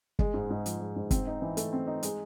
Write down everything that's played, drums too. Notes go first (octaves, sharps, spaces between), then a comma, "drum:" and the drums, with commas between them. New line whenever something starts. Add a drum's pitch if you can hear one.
G#3, drum: kick
G#2
G#2
F3, drum: hi-hat
G#3
G#2
C4, drum: kick, hi-hat
D#4
E3
A3, drum: hi-hat
C4
D#4
G#3, drum: hi-hat